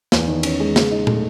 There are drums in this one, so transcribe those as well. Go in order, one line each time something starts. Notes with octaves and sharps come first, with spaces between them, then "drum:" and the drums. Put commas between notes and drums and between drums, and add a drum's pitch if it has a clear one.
E2, drum: snare
D#3
C#4, drum: cymbal
G#3
C#3, drum: snare
D#4
A3, drum: tom